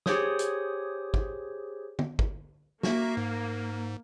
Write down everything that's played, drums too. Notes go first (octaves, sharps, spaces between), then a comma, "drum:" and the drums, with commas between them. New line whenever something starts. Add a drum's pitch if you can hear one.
G4 G#4 C5 C#5 D#6, drum: snare
drum: hi-hat
drum: kick
drum: tom
drum: kick
A#3 F#4 E5, drum: snare
G#2